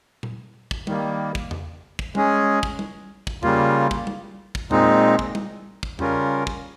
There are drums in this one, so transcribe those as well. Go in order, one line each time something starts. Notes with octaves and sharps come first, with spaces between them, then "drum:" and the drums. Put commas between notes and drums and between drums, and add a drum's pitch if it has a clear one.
drum: tom A#2
drum: kick
D#3 G3 A#3, drum: tom G3
drum: kick
drum: tom E2
drum: kick
G#3 C#4 G#4, drum: tom G3
drum: kick
drum: tom G3
drum: kick
C#3 G3 A#3 F4, drum: tom E2
drum: kick
drum: tom G3
drum: kick
A#2 G#3 C4 D#4, drum: tom E2
drum: kick
drum: tom G3
drum: kick
C#3 G3 C#4 F4 A#4, drum: tom E2
drum: kick